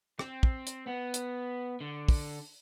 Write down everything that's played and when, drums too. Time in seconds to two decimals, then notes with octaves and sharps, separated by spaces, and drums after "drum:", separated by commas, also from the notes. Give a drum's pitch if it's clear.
0.19 C4, drum: rim click
0.43 drum: kick
0.67 drum: hi-hat
0.87 B3
1.14 drum: hi-hat
1.81 D3
2.09 drum: kick, open hi-hat